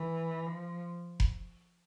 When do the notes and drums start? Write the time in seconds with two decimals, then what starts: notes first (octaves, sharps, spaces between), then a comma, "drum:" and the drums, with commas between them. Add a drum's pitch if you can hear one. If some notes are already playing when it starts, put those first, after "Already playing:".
Already playing: E3
0.46 F3
1.20 drum: kick F1